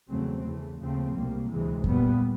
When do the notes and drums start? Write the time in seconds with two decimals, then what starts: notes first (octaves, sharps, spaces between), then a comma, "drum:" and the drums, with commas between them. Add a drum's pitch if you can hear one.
0.09 E2 C#3 F#3 A3 C4
0.44 E2 C#3 E3 A3
0.80 D#2 C#3 F3 A3 C4
1.14 C2 B2 G3 A#3
1.50 D2 C3 E3 G#3
1.84 A#2 G3 B3, drum: kick F2